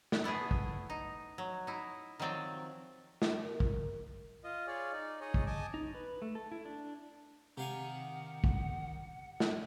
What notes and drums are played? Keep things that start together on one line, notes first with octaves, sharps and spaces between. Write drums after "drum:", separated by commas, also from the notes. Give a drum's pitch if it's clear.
drum: snare
A3 B3 E4 G#4
drum: kick
D#4
F#3
D#4 E4
D#3 F3 F#3 C4 D5 G5
drum: snare
A#4
drum: kick
F4 D#5
F4 G#4 C#5 D5
D#4 D5
D#4 G#4 C#5 D#5
drum: kick
D#5 G#5 A5 D6
D#4
B4
A3
A4
E4
D4
C3 D#3 G4 F5 F#5 G#5 A#5
drum: kick
drum: snare